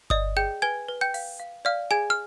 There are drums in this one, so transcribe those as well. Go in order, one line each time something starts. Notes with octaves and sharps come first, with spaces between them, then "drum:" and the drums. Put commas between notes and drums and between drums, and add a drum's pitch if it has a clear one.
D5 D#5 D#6, drum: kick G1
G#4 G5 G6
B4 G#5 G#6
B4
G5 G6
F5, drum: open hi-hat
F5
D5 F5 F6
G#4 G#5 G#6
F6